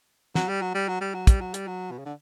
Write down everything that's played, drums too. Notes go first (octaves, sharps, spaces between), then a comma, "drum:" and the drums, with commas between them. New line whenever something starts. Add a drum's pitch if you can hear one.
F#3, drum: snare
G3
F#3
G3
F#3
G3
F#3
G3, drum: kick, hi-hat
F#3
G3, drum: hi-hat
F#3
B2
C#3
D3